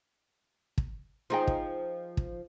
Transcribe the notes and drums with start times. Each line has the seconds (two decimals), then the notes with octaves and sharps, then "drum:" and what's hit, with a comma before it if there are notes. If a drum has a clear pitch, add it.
0.78 drum: kick
1.30 F3 D#4 F4 G#4 G5
1.48 drum: kick
2.17 drum: kick